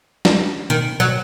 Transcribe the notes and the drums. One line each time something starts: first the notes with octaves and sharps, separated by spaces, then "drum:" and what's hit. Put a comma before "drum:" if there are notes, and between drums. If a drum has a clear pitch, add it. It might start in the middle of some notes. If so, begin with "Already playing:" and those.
drum: snare
D#3
F#3